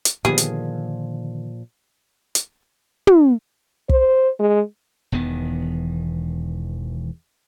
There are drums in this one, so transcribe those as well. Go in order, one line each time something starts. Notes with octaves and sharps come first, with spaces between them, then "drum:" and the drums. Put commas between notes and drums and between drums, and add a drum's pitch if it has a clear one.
drum: hi-hat
A#2 D3 D#3 F3 G3 B3 G#4
drum: hi-hat
drum: hi-hat
drum: tom
C5, drum: kick
G#3
E1 E2 D#3 B3